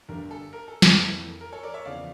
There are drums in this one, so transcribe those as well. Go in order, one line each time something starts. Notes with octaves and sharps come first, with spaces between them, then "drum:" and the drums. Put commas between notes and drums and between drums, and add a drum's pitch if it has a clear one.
G1 G2 D3 A3 D4 A#4
A4
A#4
A4
A4, drum: snare
F2 E3 A#3
A#4
A4 C#5
A#4 D5
C#5 E5
E2 C#3 F3 D5 F5